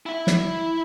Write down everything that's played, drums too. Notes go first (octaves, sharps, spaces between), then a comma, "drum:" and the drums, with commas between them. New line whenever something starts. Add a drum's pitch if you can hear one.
E4 E5
drum: snare